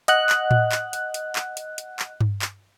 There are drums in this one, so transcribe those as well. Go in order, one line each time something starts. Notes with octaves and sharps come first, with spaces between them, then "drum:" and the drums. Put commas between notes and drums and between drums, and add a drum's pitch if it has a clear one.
D#5 F#5 F#6, drum: hi-hat
drum: clap
drum: tom A2
drum: clap
drum: hi-hat
drum: hi-hat
drum: clap
drum: hi-hat
drum: hi-hat
drum: clap
drum: tom G2
drum: clap